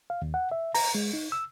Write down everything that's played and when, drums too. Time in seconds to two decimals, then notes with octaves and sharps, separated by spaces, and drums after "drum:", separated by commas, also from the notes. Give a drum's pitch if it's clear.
0.10 F5
0.22 D#2
0.34 F#5
0.52 E5
0.74 A#5, drum: open hi-hat
0.95 G#3
1.13 D#4
1.32 E6